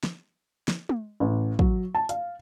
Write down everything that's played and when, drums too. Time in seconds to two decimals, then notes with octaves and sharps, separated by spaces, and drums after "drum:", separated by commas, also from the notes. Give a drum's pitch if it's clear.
0.04 drum: snare
0.68 drum: snare
0.89 drum: tom
1.20 A1
1.59 F#3, drum: kick
1.95 A5
2.09 F5, drum: hi-hat